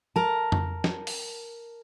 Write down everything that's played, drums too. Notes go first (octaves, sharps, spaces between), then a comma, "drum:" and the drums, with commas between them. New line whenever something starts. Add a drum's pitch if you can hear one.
A#4 A5
drum: tom F2
drum: snare
drum: open hi-hat